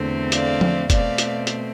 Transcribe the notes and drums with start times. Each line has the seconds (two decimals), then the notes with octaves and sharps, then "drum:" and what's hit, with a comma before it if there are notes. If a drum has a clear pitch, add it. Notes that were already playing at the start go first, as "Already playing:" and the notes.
Already playing: E2 D3 A3 C4
0.32 D5 F5, drum: hi-hat
0.61 drum: tom F3
0.90 B2 A3 C4 D5 F5, drum: kick F1, hi-hat
1.18 drum: hi-hat
1.47 drum: hi-hat